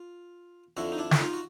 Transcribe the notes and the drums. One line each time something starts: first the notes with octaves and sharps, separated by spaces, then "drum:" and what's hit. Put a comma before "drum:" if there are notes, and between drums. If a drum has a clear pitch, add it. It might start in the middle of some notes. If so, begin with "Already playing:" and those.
Already playing: F4
F2 D3 E4 F#4
D#4
D4 E4
drum: snare
D#4 F4
F#4